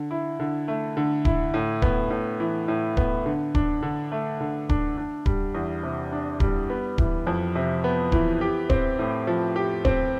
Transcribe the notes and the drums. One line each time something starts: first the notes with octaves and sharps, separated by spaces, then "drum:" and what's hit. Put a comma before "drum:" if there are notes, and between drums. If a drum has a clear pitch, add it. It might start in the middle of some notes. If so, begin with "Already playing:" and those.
Already playing: D3
E4
D3
A3
D3
E4, drum: kick D1
A2
B3, drum: kick D1
A2
E3
A2
B3, drum: kick D1
D3
D4, drum: kick D1
D3
A3
D3
D4, drum: kick D1
D4
G3, drum: kick D1
E2
C3
D4
G3, drum: kick D1
B3
E3, drum: kick D1
F2
C3
B3
E3, drum: kick D1
G4
C4, drum: kick D1
A2
F3
G4
C4, drum: kick D1